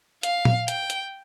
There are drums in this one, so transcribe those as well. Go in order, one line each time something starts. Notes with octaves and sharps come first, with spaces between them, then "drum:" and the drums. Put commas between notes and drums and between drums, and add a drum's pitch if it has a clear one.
F5, drum: hi-hat
drum: tom A#2
G5, drum: hi-hat
drum: hi-hat